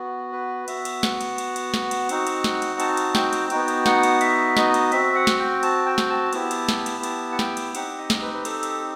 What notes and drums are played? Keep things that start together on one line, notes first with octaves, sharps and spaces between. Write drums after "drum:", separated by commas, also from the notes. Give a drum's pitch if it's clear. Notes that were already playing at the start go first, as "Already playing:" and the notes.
Already playing: B3 F#4
B4
B3 F#4 E5, drum: cymbal
drum: cymbal
F#5, drum: snare
drum: cymbal
drum: cymbal
drum: cymbal
drum: snare
drum: cymbal
C4 D#4 F#4, drum: cymbal
drum: cymbal
drum: snare
drum: cymbal
A5, drum: cymbal
drum: cymbal
G5, drum: snare
drum: cymbal
B3 D#4 F#4 G5, drum: cymbal
drum: cymbal
F#5, drum: snare
drum: cymbal
E5, drum: cymbal
D#5, drum: snare
drum: cymbal
C4 F#4 E5, drum: cymbal
F#5
drum: snare
G5
A5, drum: cymbal
G5
drum: snare
A5
B3 E4 G4, drum: cymbal
drum: cymbal
drum: snare
drum: cymbal
A5, drum: cymbal
F#5
G5, drum: snare
drum: cymbal
C4 D#4 G4 F#5, drum: cymbal
D#5
drum: snare
B4
B4
A4, drum: cymbal
drum: cymbal